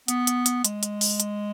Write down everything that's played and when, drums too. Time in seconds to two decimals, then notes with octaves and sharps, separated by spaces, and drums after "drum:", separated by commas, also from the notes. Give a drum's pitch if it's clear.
0.08 B3, drum: hi-hat
0.27 drum: hi-hat
0.46 drum: hi-hat
0.65 G#3, drum: hi-hat
0.83 drum: hi-hat
1.01 drum: open hi-hat
1.20 drum: hi-hat